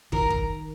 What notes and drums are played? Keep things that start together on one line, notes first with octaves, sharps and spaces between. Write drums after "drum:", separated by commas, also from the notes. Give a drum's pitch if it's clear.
D#3 A#4, drum: kick
drum: kick